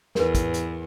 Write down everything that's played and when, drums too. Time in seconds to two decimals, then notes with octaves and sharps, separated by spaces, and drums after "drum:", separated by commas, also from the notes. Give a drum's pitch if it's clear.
0.15 E2 A#4 B4, drum: snare
0.35 drum: kick, hi-hat
0.54 drum: hi-hat